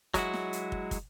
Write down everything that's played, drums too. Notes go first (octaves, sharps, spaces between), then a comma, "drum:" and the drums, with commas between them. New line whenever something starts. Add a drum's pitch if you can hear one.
F#3 G#3 E4 F#4, drum: kick, hi-hat
drum: snare
drum: hi-hat
drum: kick
drum: kick, hi-hat